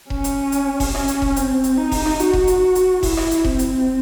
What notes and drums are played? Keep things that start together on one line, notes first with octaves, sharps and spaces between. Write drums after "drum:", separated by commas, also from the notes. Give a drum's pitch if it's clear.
C#4, drum: kick E1
drum: hi-hat
drum: hi-hat
drum: kick E1, open hi-hat
C#4, drum: rim click
drum: hi-hat
drum: kick E1
C4, drum: hi-hat
drum: hi-hat
D#4
drum: kick E1, open hi-hat
drum: rim click
F#4, drum: hi-hat
drum: kick E1
drum: hi-hat
drum: hi-hat
E4, drum: kick E1, open hi-hat
drum: rim click
drum: hi-hat
C4, drum: kick E1
drum: hi-hat